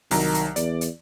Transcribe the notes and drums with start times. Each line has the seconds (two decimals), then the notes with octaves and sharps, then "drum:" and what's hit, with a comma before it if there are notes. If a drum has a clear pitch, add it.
0.11 C2 D#3 F#3 A#5, drum: open hi-hat
0.34 drum: hi-hat
0.56 E2 D5, drum: hi-hat
0.81 drum: hi-hat